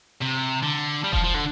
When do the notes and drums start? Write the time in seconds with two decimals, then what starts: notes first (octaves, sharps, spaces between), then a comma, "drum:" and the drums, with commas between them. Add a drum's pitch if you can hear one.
0.21 C3
0.63 D3
1.04 G3
1.13 F3, drum: kick E1
1.24 F3
1.34 D3